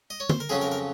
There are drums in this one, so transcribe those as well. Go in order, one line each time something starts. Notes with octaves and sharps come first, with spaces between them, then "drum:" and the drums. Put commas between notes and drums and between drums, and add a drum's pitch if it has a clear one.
D#5
C#5
C5, drum: tom D3
A#4
F2 C#3 F#3 C#4 G#4
A#4
A#4